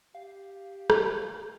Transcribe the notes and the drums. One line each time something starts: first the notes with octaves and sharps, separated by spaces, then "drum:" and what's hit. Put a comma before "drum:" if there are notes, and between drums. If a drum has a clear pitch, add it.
G4 F5
drum: rim click